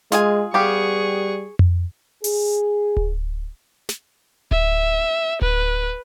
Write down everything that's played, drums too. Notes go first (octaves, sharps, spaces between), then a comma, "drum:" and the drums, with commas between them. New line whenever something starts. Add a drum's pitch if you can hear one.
G#3 F4 G#4 G#5, drum: snare
G3 B3 G4 G#4 F5 C#6
drum: tom F2
G#4, drum: open hi-hat
drum: kick D1
drum: snare
E5, drum: kick D1
B4, drum: kick D1